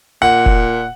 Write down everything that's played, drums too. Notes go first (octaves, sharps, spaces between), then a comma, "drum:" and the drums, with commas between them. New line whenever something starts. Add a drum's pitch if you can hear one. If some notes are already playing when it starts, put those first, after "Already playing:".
A#2 F#5
drum: kick